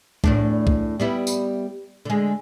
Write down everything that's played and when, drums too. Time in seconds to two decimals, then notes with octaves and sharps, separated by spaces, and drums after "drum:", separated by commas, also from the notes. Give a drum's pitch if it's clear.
0.24 E2 A2 D4, drum: kick
0.67 drum: kick
1.00 G3 B3 E4
1.27 drum: tambourine
2.05 D3 G#3